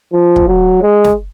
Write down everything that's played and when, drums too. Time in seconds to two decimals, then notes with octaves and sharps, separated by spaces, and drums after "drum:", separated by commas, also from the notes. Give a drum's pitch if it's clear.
0.13 F3
0.36 drum: kick
0.48 F#3
0.82 G#3
1.04 drum: snare